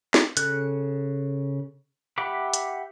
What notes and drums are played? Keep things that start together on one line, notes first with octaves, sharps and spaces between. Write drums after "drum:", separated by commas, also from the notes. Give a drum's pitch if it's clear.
drum: snare
C#3 A4 F#6, drum: hi-hat
G4 E5 F#5 B5 D6
drum: hi-hat